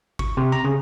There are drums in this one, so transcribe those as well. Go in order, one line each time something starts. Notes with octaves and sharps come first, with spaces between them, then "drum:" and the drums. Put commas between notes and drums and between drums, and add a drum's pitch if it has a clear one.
C#6, drum: kick
C3
A#5
C#3